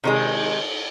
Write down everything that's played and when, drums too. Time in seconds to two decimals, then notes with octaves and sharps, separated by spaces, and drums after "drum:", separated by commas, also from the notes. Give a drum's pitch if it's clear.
0.04 C3 D#3 G#3, drum: cymbal